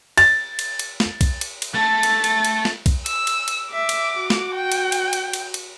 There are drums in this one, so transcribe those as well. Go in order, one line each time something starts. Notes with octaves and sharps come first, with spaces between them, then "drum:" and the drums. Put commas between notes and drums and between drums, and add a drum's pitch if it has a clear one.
A6, drum: cymbal
drum: cymbal
drum: cymbal
drum: snare
drum: kick B1, cymbal
drum: cymbal
drum: cymbal
A3 A4 A6
drum: cymbal
drum: cymbal
drum: cymbal
drum: snare
drum: kick B1, cymbal
E6, drum: cymbal
drum: cymbal
drum: cymbal
E5 D6
drum: cymbal
F#4
drum: snare
G5
drum: cymbal
drum: cymbal
drum: cymbal
drum: cymbal
drum: cymbal